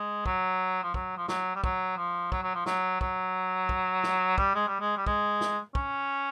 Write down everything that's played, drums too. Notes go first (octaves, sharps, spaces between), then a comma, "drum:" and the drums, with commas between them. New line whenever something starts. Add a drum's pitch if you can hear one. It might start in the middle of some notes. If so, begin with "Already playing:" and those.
Already playing: G#3
F#3, drum: kick
F3
F#3, drum: kick
F3
F#3, drum: snare
G3
F#3, drum: kick
F3
F#3, drum: kick
F#3
F3
F#3, drum: snare
F#3, drum: kick
drum: kick
drum: snare
G3, drum: kick
G#3
G3
G#3
G3
G#3, drum: kick
drum: snare
C#4, drum: kick